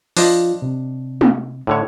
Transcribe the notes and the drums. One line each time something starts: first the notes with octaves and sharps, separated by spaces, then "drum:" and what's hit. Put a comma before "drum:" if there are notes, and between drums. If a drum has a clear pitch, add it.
F3 D4 F4 C5 D#5, drum: open hi-hat
C3
drum: tom
A2 D3 C#5